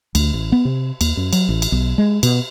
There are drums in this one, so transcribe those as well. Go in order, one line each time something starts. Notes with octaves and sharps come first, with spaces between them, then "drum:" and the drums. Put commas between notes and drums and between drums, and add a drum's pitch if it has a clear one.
D2, drum: cymbal
A1
B3
C3
D#2, drum: cymbal
F#2
F#3, drum: cymbal
A1
drum: cymbal
B1
G#3
B2, drum: cymbal